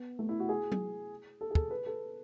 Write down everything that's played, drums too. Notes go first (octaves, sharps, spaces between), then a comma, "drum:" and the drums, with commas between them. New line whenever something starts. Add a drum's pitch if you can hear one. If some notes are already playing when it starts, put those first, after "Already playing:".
Already playing: B3
A3
E4
F#4
G#4
drum: tom F#3
A4
G#4
A4, drum: kick
B4
A4